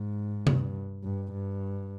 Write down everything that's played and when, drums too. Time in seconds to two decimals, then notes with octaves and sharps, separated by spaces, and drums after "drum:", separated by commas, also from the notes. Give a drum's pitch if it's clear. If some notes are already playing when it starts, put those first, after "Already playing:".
Already playing: G#2
0.47 G2, drum: tom C3
1.04 G2
1.32 G2